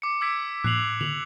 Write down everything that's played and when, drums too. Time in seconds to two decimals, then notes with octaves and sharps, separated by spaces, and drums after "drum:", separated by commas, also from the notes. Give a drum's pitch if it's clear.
0.02 D6 C#7
0.21 D6 E6 G#6 B6 D7
0.64 F#6 B6 C7 F7 F#7, drum: tom A2
1.01 F7 F#7, drum: tom D3